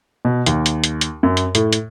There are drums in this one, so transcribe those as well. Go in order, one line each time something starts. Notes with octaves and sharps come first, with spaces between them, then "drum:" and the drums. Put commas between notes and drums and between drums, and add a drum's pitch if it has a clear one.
B2
D#2, drum: hi-hat
drum: hi-hat
drum: hi-hat
drum: hi-hat
F#2
drum: hi-hat
A2, drum: hi-hat
drum: hi-hat